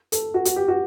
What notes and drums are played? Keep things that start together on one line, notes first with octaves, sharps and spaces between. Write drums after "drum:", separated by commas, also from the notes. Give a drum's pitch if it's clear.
A4, drum: hi-hat
F#4
F#4, drum: hi-hat
G4
F#4